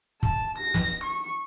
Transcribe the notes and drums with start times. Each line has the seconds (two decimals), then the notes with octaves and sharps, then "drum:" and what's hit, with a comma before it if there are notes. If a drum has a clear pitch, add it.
0.23 A5, drum: kick
0.59 A#6
0.74 drum: snare
1.04 C#6